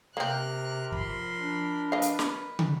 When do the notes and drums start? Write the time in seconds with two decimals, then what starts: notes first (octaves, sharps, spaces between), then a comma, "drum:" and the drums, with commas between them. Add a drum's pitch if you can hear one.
0.17 C3 A#3 C4 A#4 F6 F#6
0.92 F3 B5 C6, drum: kick
1.40 D4
1.92 B4 D#5 F5
2.02 drum: hi-hat
2.19 drum: snare
2.59 drum: tom